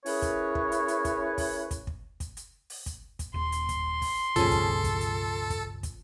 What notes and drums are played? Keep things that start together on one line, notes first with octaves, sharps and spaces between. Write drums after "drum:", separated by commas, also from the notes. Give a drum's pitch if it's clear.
C#4 E4 G#4 A#4 B4 C#5, drum: open hi-hat
drum: kick, hi-hat
drum: kick
drum: hi-hat
drum: hi-hat
drum: kick, hi-hat
drum: kick, open hi-hat
drum: kick, hi-hat
drum: kick
drum: kick, hi-hat
drum: hi-hat
drum: open hi-hat
drum: kick, hi-hat
drum: kick, hi-hat
D#1 C6
drum: hi-hat
drum: kick, hi-hat
drum: kick, open hi-hat
C#2 G2 B2 F3 C#4 G#4 A4, drum: kick, hi-hat
drum: kick, hi-hat
drum: kick, hi-hat
drum: hi-hat
drum: kick, hi-hat
drum: kick, hi-hat